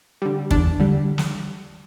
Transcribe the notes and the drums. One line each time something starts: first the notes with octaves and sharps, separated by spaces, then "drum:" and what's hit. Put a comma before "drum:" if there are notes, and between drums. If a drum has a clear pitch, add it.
D3 G3
E2 D4, drum: kick
D3 G3
drum: snare